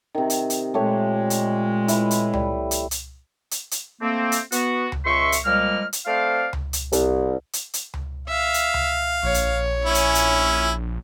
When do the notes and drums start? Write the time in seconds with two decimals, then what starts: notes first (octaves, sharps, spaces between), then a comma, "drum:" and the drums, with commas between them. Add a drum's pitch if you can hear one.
0.15 C3 D#3
0.30 drum: hi-hat
0.50 drum: hi-hat
0.74 A#2 G#3 A3 G4 C#5
1.30 drum: hi-hat
1.88 E4 B4, drum: hi-hat
2.11 drum: hi-hat
2.34 G3, drum: tom C#2
2.71 drum: hi-hat
2.91 drum: hi-hat
3.51 drum: hi-hat
3.71 drum: hi-hat
4.01 A3 A#3 C4
4.32 drum: hi-hat
4.52 B3 F#4, drum: hi-hat
4.92 drum: tom C#2
5.05 C#2 E5 C6 C#6
5.32 drum: hi-hat
5.45 A#2 F3 G3 G#3 A#3 F6
5.93 drum: hi-hat
6.06 A3 C4 C5 D5 F5
6.53 drum: tom C#2
6.73 drum: hi-hat
6.92 C2, drum: hi-hat
7.53 drum: hi-hat
7.74 drum: hi-hat
7.94 drum: tom C#2
8.28 E5 F5
8.54 drum: hi-hat
8.74 drum: tom C#2
9.23 A#1 C#5
9.34 drum: hi-hat
9.85 C#4 E4 G#5
9.95 drum: hi-hat
10.15 drum: hi-hat